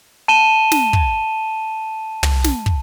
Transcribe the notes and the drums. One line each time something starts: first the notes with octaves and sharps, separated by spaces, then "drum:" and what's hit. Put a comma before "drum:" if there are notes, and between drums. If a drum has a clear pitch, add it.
A5 D#7 E7 G7
drum: snare
drum: kick
drum: tom
drum: snare
drum: kick